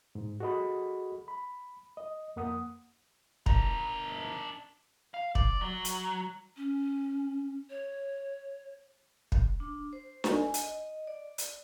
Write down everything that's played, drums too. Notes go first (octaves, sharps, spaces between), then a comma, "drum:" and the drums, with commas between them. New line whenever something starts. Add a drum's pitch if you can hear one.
G#2
F#4 G#4 A4 D#5 F#5 B5
B5
D#5
F2 A#3 F#5 D#6
D4 A#4, drum: kick
F5
D5, drum: kick
F#3
drum: hi-hat
C#4
C#5
drum: kick
D4
C5
G#5, drum: snare D4
D#5, drum: hi-hat
D5
drum: hi-hat